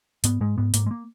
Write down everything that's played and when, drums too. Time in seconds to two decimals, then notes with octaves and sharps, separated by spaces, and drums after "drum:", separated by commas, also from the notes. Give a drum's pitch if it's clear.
0.24 G#2 B3, drum: hi-hat
0.41 G#2 G#3
0.58 G#2 B3
0.74 G#2 A#3, drum: hi-hat
0.86 G#3
0.91 A#3